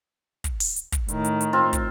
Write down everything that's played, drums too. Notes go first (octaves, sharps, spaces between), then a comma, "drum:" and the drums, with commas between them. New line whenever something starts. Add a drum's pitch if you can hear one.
drum: kick, hi-hat
drum: open hi-hat
drum: hi-hat
drum: kick, hi-hat
A2 D#3, drum: hi-hat
drum: hi-hat
drum: hi-hat
C4 F4
drum: kick, hi-hat